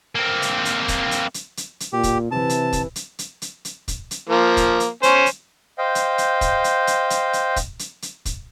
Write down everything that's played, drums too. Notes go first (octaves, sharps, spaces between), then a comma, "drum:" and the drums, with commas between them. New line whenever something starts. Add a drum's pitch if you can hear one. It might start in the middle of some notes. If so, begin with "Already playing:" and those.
A#3 C4
drum: hi-hat
drum: hi-hat
drum: kick, hi-hat
drum: hi-hat
drum: hi-hat
drum: hi-hat
drum: hi-hat
A#2 G4
drum: kick, hi-hat
C3 E3 A5
drum: hi-hat
drum: kick, hi-hat
drum: hi-hat
drum: hi-hat
drum: hi-hat
drum: hi-hat
drum: kick, hi-hat
drum: hi-hat
F3 A#3
drum: kick, hi-hat
drum: hi-hat
C#4 C5, drum: hi-hat
drum: hi-hat
C5 D#5 F5 G5
drum: hi-hat
drum: hi-hat
drum: kick, hi-hat
drum: hi-hat
drum: hi-hat
drum: hi-hat
drum: hi-hat
drum: kick, hi-hat
drum: hi-hat
drum: hi-hat
drum: kick, hi-hat